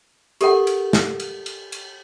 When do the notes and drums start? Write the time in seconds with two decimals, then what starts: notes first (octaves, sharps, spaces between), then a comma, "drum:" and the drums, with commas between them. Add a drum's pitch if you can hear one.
0.41 G4 A4 A#4 F#5, drum: cymbal
0.67 drum: cymbal
0.93 drum: snare
1.20 drum: cymbal
1.46 drum: cymbal
1.72 drum: cymbal